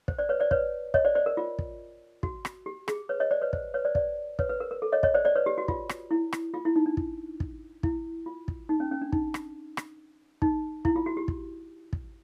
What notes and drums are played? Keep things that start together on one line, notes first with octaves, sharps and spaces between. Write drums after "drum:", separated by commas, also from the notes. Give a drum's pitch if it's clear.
C5, drum: kick
C5 D5
B4 C#5
C5 D5
B4 C#5, drum: kick
C#5 D#5, drum: kick
C5 D5
C5 D5
A#4
F4
drum: kick
F#4, drum: kick
drum: rim click
G4
G#4, drum: rim click
B4 C#5
C#5 D#5
C5 D5
B4 C#5
C5, drum: kick
B4 C#5
C5 D5
C5 D5, drum: kick
B4 C#5, drum: kick
B4
A#4
A#4
A4
C#5 D#5
C#5 D#5, drum: kick
C5 D5
C5 D5
B4 C#5
G4
F#4
F4, drum: kick
drum: rim click
E4
drum: rim click
F4
E4
D#4
D4
drum: kick
drum: kick
E4, drum: kick
F4
drum: kick
D#4
C#4
C#4
D4
D#4, drum: kick
drum: rim click
drum: rim click
D#4, drum: kick
E4, drum: kick
F4
F#4
G4
drum: kick
drum: kick